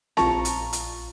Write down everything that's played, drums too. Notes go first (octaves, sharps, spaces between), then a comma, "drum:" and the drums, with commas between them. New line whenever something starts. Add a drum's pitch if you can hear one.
A#1 F4 A5 A#5 C#6 A6, drum: snare C4
drum: hi-hat
drum: hi-hat